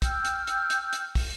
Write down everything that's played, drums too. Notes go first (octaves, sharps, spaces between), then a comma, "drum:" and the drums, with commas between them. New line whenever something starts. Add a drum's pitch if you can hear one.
G5 E6 F6 G6, drum: kick, hi-hat
drum: hi-hat
drum: hi-hat
drum: hi-hat
drum: hi-hat
drum: kick, open hi-hat